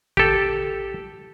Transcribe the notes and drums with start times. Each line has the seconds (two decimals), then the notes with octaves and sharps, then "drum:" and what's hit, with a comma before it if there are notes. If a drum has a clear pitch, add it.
0.17 G4 A4, drum: kick A1